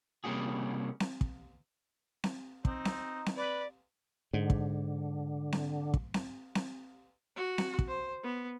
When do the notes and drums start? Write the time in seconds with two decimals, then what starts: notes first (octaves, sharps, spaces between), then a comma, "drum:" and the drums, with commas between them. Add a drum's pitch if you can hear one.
0.24 C3 G3 A#3 C#4 F#4 G#4
1.00 drum: snare C4
1.21 drum: kick
2.24 drum: snare C4
2.65 C4 D#4, drum: kick
2.85 drum: snare C4
3.26 drum: snare C4
3.37 B4 D5
4.34 G#2 D3
4.50 drum: kick
5.52 drum: snare C4
5.94 drum: kick
6.14 drum: snare C4
6.55 drum: snare C4
7.36 F#4
7.58 drum: snare C4
7.79 drum: kick
7.88 C5
8.24 B3